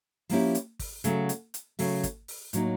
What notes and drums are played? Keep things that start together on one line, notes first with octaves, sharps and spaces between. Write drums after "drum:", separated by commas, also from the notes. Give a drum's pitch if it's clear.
F3 A#3 C#4 E4 G4, drum: open hi-hat
drum: hi-hat
drum: kick, open hi-hat
C#3 F#3 A3, drum: hi-hat
drum: hi-hat
drum: hi-hat
C#3 F#3 A3, drum: open hi-hat
drum: kick, hi-hat
drum: open hi-hat
A2 F#3 A#3 D#4, drum: hi-hat